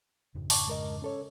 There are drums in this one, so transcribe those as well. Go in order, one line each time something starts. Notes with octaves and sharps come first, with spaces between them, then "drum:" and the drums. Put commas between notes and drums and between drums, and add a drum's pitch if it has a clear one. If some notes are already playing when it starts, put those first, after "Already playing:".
F2 G#2 C#3
A5 C#6 D6, drum: open hi-hat
G#3 A#4 D#5
C#4 A4 C#5